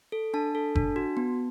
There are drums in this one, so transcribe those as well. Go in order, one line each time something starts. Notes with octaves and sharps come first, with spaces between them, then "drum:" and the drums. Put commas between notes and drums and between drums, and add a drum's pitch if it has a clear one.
A4
D4 A5
A4
D4, drum: kick F#1
F#4
B3